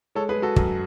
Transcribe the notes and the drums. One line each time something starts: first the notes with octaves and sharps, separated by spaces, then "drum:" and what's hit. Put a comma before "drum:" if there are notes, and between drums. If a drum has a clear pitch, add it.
G#3 A4 C#5
G#4 B4
G#3
F#4 A4
F#2, drum: kick